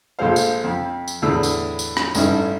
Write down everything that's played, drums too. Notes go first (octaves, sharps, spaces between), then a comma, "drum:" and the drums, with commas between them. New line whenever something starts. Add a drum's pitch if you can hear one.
A#1 F3 G#3 A4 C5 F5
drum: tambourine
F2
drum: tambourine
E2 A2 D3 E6
drum: tambourine
drum: tambourine
drum: rim click
A1 G2 C#4 D#4 E4 A4, drum: tambourine